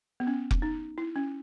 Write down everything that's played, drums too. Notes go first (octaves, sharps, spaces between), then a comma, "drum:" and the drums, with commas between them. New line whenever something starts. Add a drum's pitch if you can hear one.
B3
C#4
drum: kick F1
D#4
E4
C#4